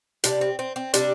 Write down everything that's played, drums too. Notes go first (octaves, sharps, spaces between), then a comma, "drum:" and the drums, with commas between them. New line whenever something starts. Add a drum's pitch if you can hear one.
C3 G3 D4, drum: hi-hat
C4
C4
C4
C3 G3 D4, drum: hi-hat